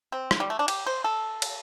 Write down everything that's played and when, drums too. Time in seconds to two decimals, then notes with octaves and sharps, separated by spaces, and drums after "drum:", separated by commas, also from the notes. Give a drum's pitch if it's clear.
0.12 C4
0.31 drum: rim click
0.40 G3
0.50 A3
0.59 D4
0.68 G4, drum: cymbal
0.86 C5
1.04 A4
1.42 drum: cymbal